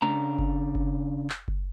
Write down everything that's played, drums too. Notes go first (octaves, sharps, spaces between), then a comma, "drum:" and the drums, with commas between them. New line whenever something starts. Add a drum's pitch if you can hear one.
C#3 D4 A#5, drum: tom G#3
drum: kick F#1
drum: kick F#1
drum: clap
drum: kick F#1